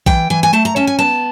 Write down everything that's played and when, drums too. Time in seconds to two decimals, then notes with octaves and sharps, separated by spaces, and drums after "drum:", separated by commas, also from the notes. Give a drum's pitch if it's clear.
0.06 E3 G5, drum: kick A#1
0.30 E3 G#5
0.43 G#5
0.53 A3 A5
0.65 A#5
0.76 C#4 A5
0.87 G#5
0.99 B3 A5